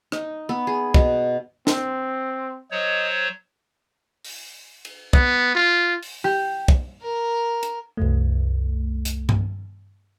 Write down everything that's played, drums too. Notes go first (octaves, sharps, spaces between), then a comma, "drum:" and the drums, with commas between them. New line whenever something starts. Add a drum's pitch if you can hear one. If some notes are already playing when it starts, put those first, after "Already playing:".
D#4, drum: rim click
B3
G#4
B2, drum: kick
C4, drum: snare
F#3 C5 C#5 D#5
drum: open hi-hat
drum: cymbal
B3, drum: kick
F4
drum: open hi-hat
G4
drum: kick
A#4
drum: hi-hat
C2 F#2 A3
drum: hi-hat
drum: tom G2